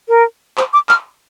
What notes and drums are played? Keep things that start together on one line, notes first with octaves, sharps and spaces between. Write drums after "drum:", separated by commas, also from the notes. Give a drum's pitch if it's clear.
A#4
C5, drum: clap
D6
F6, drum: clap